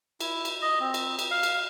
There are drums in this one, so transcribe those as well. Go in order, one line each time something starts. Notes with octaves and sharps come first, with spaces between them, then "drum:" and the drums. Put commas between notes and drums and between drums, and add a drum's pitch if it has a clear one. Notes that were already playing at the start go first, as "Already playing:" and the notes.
E4, drum: cymbal
drum: cymbal
D#5
C4
drum: cymbal
drum: cymbal
F5
drum: cymbal